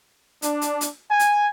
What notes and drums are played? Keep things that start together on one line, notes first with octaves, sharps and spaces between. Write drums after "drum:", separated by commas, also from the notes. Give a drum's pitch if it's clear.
D4, drum: hi-hat
drum: hi-hat
drum: hi-hat
G#5
drum: hi-hat